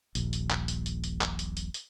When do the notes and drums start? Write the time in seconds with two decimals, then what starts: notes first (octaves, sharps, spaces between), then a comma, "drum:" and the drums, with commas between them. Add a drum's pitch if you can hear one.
0.15 D#1 A#1, drum: hi-hat
0.33 drum: hi-hat
0.51 drum: clap
0.68 drum: hi-hat
0.86 drum: hi-hat
1.04 drum: hi-hat
1.21 drum: clap
1.39 drum: hi-hat
1.57 drum: hi-hat
1.74 drum: hi-hat